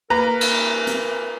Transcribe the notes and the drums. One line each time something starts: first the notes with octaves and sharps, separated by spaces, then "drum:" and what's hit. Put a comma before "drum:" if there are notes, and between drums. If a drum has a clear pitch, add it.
A#3 A#4 B4 A#5
drum: cymbal
drum: hi-hat